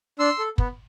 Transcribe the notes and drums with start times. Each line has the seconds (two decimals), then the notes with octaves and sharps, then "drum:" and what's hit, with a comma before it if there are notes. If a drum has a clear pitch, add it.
0.19 D4 C6 E6
0.39 A4
0.58 B3, drum: kick